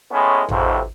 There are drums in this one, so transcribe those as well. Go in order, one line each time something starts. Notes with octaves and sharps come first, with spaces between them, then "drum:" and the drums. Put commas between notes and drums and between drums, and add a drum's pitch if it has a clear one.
A2 G#3 B3 C#4
B1 F2 G#2 C3, drum: tom A1